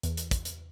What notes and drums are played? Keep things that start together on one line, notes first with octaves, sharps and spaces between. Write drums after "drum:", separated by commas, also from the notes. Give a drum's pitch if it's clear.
E2, drum: hi-hat
drum: hi-hat
drum: kick, hi-hat
drum: hi-hat